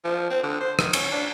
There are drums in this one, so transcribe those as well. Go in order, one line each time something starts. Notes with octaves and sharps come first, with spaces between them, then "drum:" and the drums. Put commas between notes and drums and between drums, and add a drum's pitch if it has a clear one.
F3
C4
D3
C5
D#3, drum: rim click
C#4, drum: cymbal
D4